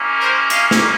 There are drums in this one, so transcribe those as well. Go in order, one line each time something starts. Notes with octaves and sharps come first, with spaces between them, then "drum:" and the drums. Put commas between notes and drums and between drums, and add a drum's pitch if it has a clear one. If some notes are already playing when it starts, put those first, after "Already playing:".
Already playing: G3 A#3 C#4 E4
A#4 C5
D#5 F5, drum: hi-hat
drum: snare